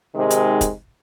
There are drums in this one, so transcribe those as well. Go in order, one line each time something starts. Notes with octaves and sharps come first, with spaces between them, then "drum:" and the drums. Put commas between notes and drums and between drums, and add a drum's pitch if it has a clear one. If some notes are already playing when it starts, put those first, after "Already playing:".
G#2 C3 D#3 G#3
drum: hi-hat
drum: kick, hi-hat